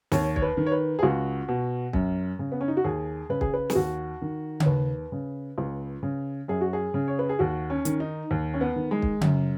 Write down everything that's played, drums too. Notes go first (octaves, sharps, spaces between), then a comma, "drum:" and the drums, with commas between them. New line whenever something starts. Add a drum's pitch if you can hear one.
D#2 C#5, drum: snare
C#5, drum: kick
B4
D#3
C#5
B4
G#4
C#2 F#4
B2
F#2, drum: kick
C#3
B3
C#4
D#4
F#4
D#2 G#4
C#3 B4
G#4, drum: kick
B4
G#4, drum: snare
D#2 F#4
D#3
C#5, drum: tom C#3
D#2 B4
C#3
C#2
C#3
F#2 G#4
F#4
G#4
C#3
C#5
B4
G#4
D#2 F#4
C#4
D#3, drum: hi-hat
D#4
D#2
C#4
B3
D#3
G#3
drum: kick
F#2, drum: tom C#3